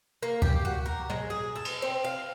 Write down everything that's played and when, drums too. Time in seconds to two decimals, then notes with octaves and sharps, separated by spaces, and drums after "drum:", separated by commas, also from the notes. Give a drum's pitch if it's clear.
0.23 A#3
0.42 G4, drum: kick C#2
0.65 F#4
0.86 A#4
1.10 G#3, drum: tom
1.30 G#4
1.56 A4
1.65 drum: cymbal
1.82 C4
2.04 F5